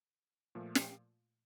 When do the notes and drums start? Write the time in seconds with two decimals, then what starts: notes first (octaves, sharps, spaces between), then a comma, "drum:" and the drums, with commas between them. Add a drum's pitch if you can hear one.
0.55 A#2 F3 A3
0.75 drum: snare